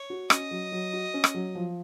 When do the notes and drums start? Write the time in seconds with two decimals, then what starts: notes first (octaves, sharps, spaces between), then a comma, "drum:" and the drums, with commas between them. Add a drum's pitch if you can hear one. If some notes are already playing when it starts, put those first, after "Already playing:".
Already playing: C#5
0.10 F#4
0.30 C#4 D#5, drum: rim click
0.51 F#3
0.72 F#3
0.93 F#4
1.14 C#4
1.24 drum: rim click
1.34 F#3
1.55 F3